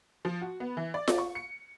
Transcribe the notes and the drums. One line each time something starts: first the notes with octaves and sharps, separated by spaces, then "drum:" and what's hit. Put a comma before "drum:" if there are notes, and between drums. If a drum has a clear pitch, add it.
F3
F#4
B3
E3
D5
drum: snare F4
C#6
C#7